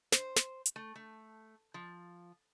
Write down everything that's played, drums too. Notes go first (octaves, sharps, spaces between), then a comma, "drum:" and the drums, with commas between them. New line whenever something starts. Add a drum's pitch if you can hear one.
C5, drum: snare
drum: snare
drum: hi-hat
A3
A3
F3